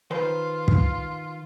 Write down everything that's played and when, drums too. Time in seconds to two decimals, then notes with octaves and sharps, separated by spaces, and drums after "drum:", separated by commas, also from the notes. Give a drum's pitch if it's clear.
0.11 D#3 F4 B4 C5
0.68 drum: kick